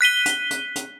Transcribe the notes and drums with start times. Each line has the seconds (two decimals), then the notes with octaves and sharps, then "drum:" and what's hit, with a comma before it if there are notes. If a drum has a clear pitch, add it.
0.01 F#6 B6 D#7 G7
0.26 drum: hi-hat
0.51 drum: hi-hat
0.76 drum: hi-hat